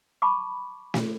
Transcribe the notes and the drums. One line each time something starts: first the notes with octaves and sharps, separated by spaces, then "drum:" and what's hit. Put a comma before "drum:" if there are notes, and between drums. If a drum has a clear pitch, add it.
A5 B5 C#6 D6
drum: snare